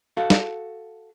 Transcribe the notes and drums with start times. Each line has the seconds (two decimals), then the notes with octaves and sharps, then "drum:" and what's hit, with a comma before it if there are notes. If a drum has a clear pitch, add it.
0.17 F#4 A4 F5
0.30 drum: snare